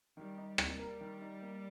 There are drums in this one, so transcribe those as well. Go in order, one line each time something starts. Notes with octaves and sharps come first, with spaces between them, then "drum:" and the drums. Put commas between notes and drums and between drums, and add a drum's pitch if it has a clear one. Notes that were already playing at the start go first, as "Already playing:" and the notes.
D#3 G3
D#4
A#3, drum: rim click
A#4
D#3
D#4
A#3